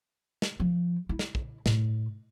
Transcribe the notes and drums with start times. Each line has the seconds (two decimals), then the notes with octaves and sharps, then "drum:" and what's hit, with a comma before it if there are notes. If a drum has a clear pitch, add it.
0.42 drum: snare
0.60 F3
1.09 E4
1.19 drum: snare
1.35 drum: kick
1.66 A2, drum: snare